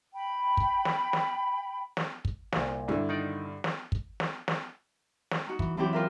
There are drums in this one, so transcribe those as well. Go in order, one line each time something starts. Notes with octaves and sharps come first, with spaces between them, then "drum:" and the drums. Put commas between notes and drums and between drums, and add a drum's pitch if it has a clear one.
G5 B5
drum: kick
drum: snare
drum: snare
drum: snare
drum: kick
C2 A#2, drum: snare
G2 D3 E4
D#3 D#4 D5
drum: snare
drum: kick
drum: snare
drum: snare
drum: snare
D#4 F#4
E3, drum: kick
F#2 E3 C4 E4 G4 G5
F4 A#4 E5